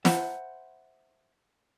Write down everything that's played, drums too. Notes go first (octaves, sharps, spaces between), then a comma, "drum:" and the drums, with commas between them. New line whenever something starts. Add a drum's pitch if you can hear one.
C5 E5 F#5 A5 B5, drum: snare